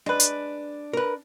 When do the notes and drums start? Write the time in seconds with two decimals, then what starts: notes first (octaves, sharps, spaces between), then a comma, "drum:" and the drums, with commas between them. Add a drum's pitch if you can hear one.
0.06 G#3 D4 B4
0.20 drum: hi-hat
0.93 A#4 B4